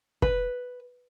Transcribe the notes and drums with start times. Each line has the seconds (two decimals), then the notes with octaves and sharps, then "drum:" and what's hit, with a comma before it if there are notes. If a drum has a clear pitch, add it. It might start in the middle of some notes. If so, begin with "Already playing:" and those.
0.22 B4, drum: kick